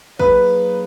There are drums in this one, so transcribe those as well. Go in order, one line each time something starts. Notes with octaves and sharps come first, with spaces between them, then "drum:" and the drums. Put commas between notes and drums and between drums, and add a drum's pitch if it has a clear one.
F#3 A#3 D#4 G#4 B4, drum: kick A1